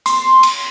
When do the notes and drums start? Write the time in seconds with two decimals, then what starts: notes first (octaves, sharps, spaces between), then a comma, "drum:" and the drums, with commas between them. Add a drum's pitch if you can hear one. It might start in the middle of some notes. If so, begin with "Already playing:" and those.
0.06 C6, drum: hi-hat
0.43 drum: cymbal